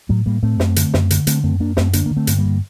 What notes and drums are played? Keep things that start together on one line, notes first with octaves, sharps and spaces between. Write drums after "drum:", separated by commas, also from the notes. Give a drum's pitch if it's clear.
A2 F#3 A3
A2 G3 A#3
A2 A3 C4
F#2, drum: snare
D3, drum: hi-hat
F#2, drum: snare
D3, drum: hi-hat
D3 A3 C4, drum: hi-hat
F#2 A3 C4
F#2 A#3 D4
F#2 A3 C4, drum: snare
D3 A#3 D4, drum: hi-hat
D3 A#3
A3 C4
G2, drum: hi-hat
G3 A#3
D3